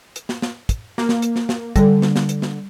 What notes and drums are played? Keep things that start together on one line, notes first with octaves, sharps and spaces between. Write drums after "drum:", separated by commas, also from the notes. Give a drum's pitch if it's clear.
drum: hi-hat
drum: snare
drum: snare
drum: kick, hi-hat
A#3, drum: snare
drum: snare
drum: hi-hat
drum: snare
drum: snare
D3 G3 A4, drum: kick, hi-hat
drum: snare
drum: snare
drum: hi-hat
drum: snare